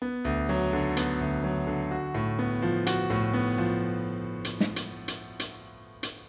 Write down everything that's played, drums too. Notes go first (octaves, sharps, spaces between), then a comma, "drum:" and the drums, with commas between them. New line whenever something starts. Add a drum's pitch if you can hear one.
B3
D2
F#3
D3
B3, drum: hi-hat
D2
F#3
D3
F#4
A2
B3
F3
F#4, drum: hi-hat
A2
B3
F3
drum: hi-hat
drum: snare
drum: hi-hat
drum: hi-hat
drum: hi-hat
drum: hi-hat